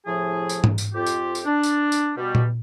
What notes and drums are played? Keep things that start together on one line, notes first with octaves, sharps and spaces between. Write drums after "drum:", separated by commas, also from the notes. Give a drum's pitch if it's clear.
A2 C3 F3 E4 G#4
drum: tambourine
drum: tom G#2
drum: tambourine
F2 F4 G4
drum: tambourine
drum: tambourine
D4
drum: tambourine
drum: tambourine
B2 G3
drum: tom A#2